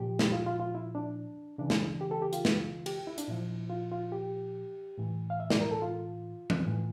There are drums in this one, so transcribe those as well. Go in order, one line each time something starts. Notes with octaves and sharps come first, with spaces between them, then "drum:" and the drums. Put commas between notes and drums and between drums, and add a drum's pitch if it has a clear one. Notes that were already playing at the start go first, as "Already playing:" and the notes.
Already playing: A#2 F3 G4
drum: snare
F4
F4
F4
E4
D4
C#3 E3 D4
drum: snare
G4
A4
G4
F4, drum: hi-hat
drum: snare
G4, drum: cymbal
E4
D4, drum: hi-hat
A#2 F3 E4
F4
F4
G4
A2 E3
F5
E5
D5, drum: snare
A#4
A4
F4
drum: tom E3
A2 E3